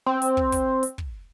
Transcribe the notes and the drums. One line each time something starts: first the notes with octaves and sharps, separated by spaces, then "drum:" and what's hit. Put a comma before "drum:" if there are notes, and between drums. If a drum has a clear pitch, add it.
C4
drum: hi-hat
drum: kick
drum: kick, hi-hat
drum: hi-hat
drum: kick